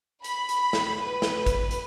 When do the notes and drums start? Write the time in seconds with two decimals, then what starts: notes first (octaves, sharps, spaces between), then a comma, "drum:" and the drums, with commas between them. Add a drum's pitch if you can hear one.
0.24 B5, drum: hi-hat
0.49 drum: hi-hat
0.73 drum: snare
1.03 B4
1.22 drum: snare
1.46 drum: kick G#1, hi-hat
1.71 drum: hi-hat